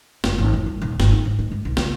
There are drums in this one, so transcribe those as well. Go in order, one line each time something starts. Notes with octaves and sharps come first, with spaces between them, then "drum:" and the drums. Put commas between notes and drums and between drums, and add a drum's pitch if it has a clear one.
F#1, drum: snare
G#1
F2
G3
D#1
G1, drum: snare
D#4
G#2
G#3
G1
B1
C#3, drum: snare